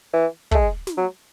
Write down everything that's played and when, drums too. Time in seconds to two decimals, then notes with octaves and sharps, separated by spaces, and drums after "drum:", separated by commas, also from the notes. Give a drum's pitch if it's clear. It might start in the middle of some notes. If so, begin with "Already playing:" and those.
0.14 E3
0.51 A3, drum: kick
0.55 G#3
0.87 drum: snare
0.98 F#3